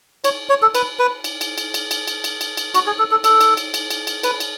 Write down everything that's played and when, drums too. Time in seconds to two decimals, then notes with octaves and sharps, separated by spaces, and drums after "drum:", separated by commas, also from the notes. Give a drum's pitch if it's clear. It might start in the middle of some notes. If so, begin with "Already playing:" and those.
0.24 C#5, drum: cymbal
0.49 C#5
0.62 A4
0.75 B4, drum: cymbal
0.99 B4
1.24 drum: cymbal
1.41 drum: cymbal
1.58 drum: cymbal
1.74 drum: cymbal
1.91 drum: cymbal
2.07 drum: cymbal
2.24 drum: cymbal
2.41 drum: cymbal
2.57 drum: cymbal
2.75 F#4, drum: cymbal
2.87 G#4
2.99 A4
3.11 A4
3.24 A4, drum: cymbal
3.41 drum: cymbal
3.57 drum: cymbal
3.74 drum: cymbal
3.90 drum: cymbal
4.07 drum: cymbal
4.23 B4, drum: cymbal
4.40 drum: cymbal